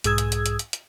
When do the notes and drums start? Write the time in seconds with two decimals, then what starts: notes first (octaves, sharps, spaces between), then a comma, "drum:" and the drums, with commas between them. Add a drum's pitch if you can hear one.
0.04 B1 G#2 G#4 D#6 E6 G#6, drum: hi-hat
0.18 drum: hi-hat
0.32 drum: hi-hat
0.46 drum: hi-hat
0.59 drum: hi-hat
0.73 drum: hi-hat